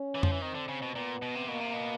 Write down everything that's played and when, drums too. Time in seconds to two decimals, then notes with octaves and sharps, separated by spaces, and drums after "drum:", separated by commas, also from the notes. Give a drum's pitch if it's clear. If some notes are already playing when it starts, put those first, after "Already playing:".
Already playing: C#4
0.15 E3
0.23 F3, drum: tom F2
0.32 E3
0.42 D#3 C4
0.55 D3
0.68 C#3
0.82 B2
0.96 A#2 B3
1.22 B2
1.35 C3
1.48 B2 A#3
1.61 C3
1.74 B2